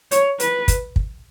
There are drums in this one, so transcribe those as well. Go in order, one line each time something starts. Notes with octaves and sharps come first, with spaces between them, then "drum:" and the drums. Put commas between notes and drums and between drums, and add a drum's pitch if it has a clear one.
C#5, drum: hi-hat
B4, drum: hi-hat
drum: kick, hi-hat
drum: kick